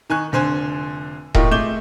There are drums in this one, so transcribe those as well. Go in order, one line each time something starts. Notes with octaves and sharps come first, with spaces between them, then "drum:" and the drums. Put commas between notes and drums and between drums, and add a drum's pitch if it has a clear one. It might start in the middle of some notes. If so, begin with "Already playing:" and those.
D#3 G#5 C#6 F#6
F1 D3 C5 G#5
A2 A3 A#3 D#4 F4 G4, drum: kick D#1
G#3 A3 D6 G6 E7 G7